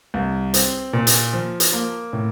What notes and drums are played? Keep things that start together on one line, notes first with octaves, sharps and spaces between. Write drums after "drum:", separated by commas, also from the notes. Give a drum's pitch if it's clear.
C2
C4, drum: hi-hat
A#2
drum: hi-hat
F3
drum: hi-hat
A#3
A2